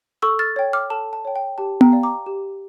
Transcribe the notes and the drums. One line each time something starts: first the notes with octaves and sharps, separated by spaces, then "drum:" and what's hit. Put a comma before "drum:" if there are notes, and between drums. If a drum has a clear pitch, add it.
A4 C#6 E6
F6 A6
C#5 G5
D6 F6
A4 A5
A5
C#5 G5
G5
G4 A5
G5 A#5, drum: tom B3
D5 F5
A#5 D6
G4